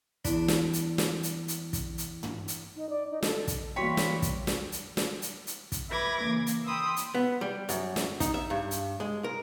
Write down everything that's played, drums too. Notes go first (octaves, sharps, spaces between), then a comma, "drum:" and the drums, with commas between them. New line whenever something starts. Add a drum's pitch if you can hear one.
E2 D4 B5, drum: kick, hi-hat
drum: snare
drum: hi-hat
drum: snare
drum: hi-hat
drum: hi-hat
drum: kick, hi-hat
drum: hi-hat
drum: tom
drum: hi-hat
D#4
D5
D#4
A4, drum: snare
drum: kick, hi-hat
E3 G3 A#3 F#4 C#5 G5 B5
drum: snare
drum: kick, hi-hat
drum: snare
drum: hi-hat
drum: snare
drum: hi-hat
drum: hi-hat
drum: kick, hi-hat
B4 E5 B5 D6 G#6 A#6
C#3 E3 A#3
drum: hi-hat
G5 B5 C6 D#6 E6
drum: hi-hat
B3
G3
F#2, drum: hi-hat
drum: snare
D#4, drum: kick, hi-hat
E5
G2
drum: hi-hat
G#3
A#4